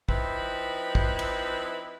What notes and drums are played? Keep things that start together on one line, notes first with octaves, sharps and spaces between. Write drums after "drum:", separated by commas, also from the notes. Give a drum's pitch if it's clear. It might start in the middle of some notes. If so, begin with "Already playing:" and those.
F3 C4 D#4 E4 B4, drum: kick
drum: kick
drum: cymbal